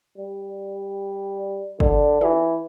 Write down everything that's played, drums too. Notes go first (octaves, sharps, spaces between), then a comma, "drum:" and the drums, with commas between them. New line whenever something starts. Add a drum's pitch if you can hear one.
G3
D3, drum: kick
E3, drum: tom